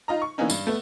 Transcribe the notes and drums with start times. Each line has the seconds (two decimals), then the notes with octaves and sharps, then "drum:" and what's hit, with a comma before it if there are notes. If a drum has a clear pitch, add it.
0.08 D#4 F4 D#5 A#5
0.22 C#6
0.38 D3 E3 A#3 B3 C#4 D#4
0.50 G2, drum: tambourine
0.67 A3 B3